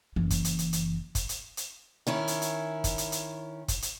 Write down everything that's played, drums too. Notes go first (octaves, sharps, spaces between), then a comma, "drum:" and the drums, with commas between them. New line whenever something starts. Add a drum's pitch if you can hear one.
F#1 E3
drum: kick, hi-hat
drum: hi-hat
drum: hi-hat
drum: hi-hat
drum: kick, hi-hat
drum: hi-hat
drum: hi-hat
D#3 C#4 E4
drum: hi-hat
drum: hi-hat
drum: kick, hi-hat
drum: hi-hat
drum: hi-hat
drum: kick, hi-hat
drum: hi-hat